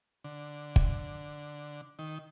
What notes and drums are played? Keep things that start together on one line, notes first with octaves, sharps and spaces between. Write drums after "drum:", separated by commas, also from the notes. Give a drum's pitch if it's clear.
D3
drum: kick
D#3